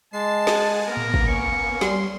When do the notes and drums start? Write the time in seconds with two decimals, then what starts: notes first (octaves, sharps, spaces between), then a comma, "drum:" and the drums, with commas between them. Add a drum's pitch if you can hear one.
0.13 G#3 A5 C7
0.47 G#4 F#5 G#5, drum: snare
0.87 A#3 B3 A#4
0.97 drum: tom A2
1.14 drum: kick
1.27 C#4 C#6
1.81 G3 C6, drum: snare